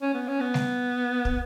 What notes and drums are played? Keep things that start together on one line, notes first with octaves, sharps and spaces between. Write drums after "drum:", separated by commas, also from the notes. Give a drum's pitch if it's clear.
C#4
B3
C#4
B3
drum: snare G3
drum: kick